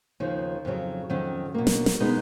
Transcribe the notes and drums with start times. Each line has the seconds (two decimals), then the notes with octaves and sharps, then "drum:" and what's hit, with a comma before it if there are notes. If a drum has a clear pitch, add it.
0.20 D#2 C#3 F3 D#4
0.65 F2 C#3 F#3
1.10 F2 D#3 F#3 C#4
1.54 B2 A#3
1.67 drum: snare
1.86 drum: snare
2.00 B2 G#3 B3 D#4